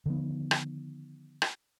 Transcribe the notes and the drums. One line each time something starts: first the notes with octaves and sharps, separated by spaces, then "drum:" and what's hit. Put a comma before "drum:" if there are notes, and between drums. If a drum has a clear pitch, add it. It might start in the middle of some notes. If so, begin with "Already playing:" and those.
D3 D#3 F3 B3
drum: rim click
drum: rim click